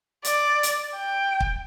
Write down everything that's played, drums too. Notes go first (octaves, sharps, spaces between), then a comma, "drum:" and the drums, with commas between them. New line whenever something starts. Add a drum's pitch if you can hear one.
D5, drum: hi-hat
drum: hi-hat
G5
drum: kick